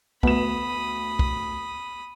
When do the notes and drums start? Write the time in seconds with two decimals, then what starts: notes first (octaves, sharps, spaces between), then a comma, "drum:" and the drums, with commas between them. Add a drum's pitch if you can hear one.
0.23 D2 B3 B5 D#6 E7, drum: kick
1.19 drum: kick